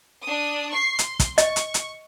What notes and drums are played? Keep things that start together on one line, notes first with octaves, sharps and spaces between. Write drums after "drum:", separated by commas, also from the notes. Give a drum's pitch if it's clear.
D4 D#6
C#6 C7
C6, drum: hi-hat
drum: kick, hi-hat
D#5 C#6, drum: hi-hat
drum: hi-hat
drum: hi-hat